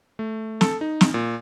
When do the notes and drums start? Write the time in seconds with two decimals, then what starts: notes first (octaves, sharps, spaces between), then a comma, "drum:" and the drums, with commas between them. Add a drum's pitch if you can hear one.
0.19 A3
0.61 A4, drum: snare
0.81 D#4
1.01 drum: snare
1.14 A#2